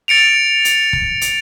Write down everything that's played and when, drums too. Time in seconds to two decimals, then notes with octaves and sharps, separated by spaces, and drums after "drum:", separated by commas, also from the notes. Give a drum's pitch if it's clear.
0.08 A6 C#7 D7 F7
0.65 drum: hi-hat
0.93 drum: kick
1.21 drum: hi-hat